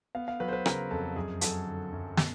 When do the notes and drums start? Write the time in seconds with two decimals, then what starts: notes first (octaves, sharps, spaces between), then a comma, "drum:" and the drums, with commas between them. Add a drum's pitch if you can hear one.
0.15 B3 F5
0.28 F5
0.40 F#3 B4
0.48 C5
0.53 B4
0.66 C#3 A#4, drum: rim click
0.91 F2 A4
1.16 F#2 G#4
1.41 F#3 A4, drum: hi-hat
1.67 D3
1.93 F#2
2.17 B2, drum: snare